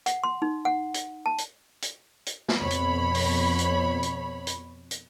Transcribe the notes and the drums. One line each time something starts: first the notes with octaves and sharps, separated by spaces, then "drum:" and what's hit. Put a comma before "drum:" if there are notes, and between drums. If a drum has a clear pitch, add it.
F#5, drum: hi-hat
C6
D#4
F#5
drum: hi-hat
A5
drum: hi-hat
drum: hi-hat
drum: hi-hat
drum: snare
F2 B2 C#5 B5
drum: hi-hat
drum: open hi-hat
drum: hi-hat
drum: hi-hat
drum: hi-hat
drum: hi-hat